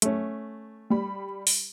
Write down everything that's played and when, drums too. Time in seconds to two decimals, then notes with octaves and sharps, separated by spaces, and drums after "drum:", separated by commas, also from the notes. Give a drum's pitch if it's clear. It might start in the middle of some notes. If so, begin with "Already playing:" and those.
0.02 A3 C#4, drum: hi-hat
0.90 G3 B5
1.47 drum: open hi-hat